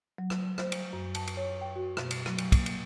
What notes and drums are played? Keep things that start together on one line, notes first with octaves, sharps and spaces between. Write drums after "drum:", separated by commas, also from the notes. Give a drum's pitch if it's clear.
F#3
drum: rim click
C5, drum: rim click
drum: cymbal
F#2
A5, drum: cymbal
drum: cymbal
C#5
G5
F#4
B2, drum: rim click
drum: cymbal
F#3, drum: rim click
drum: cymbal
A#3, drum: kick, cymbal
drum: cymbal